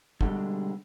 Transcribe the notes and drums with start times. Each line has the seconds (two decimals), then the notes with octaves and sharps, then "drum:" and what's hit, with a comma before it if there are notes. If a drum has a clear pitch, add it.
0.21 B2 D3 F3 G3 G#3, drum: kick